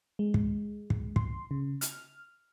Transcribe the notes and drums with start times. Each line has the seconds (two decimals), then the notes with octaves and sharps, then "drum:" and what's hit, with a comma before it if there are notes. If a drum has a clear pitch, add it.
0.19 G#3
0.34 drum: kick
0.90 drum: kick
1.16 C6, drum: kick
1.51 C#3
1.81 F6, drum: hi-hat